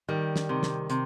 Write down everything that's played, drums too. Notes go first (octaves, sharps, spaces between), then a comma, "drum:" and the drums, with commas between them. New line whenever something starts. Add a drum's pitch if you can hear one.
D#3 G3
drum: snare
C3 D#3
drum: snare
C3, drum: hi-hat